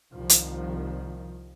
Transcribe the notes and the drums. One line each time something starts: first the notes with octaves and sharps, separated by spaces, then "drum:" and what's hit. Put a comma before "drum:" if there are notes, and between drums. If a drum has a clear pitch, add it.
C2 D#3 F3
drum: hi-hat